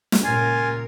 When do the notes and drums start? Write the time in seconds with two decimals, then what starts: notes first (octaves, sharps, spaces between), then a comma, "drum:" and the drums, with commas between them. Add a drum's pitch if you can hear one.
0.12 drum: snare
0.24 C#2 A#2 C#3 F4 G4 A#4 G#5